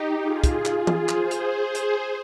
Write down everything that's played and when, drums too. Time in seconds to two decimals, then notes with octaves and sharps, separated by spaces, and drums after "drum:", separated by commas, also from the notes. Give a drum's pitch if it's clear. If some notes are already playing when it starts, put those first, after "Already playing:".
Already playing: D#4 G4
0.22 F4 G#4
0.44 drum: kick, hi-hat
0.65 drum: clap
0.87 drum: tom E3
1.09 G#4 C5, drum: clap
1.31 drum: hi-hat
1.75 drum: hi-hat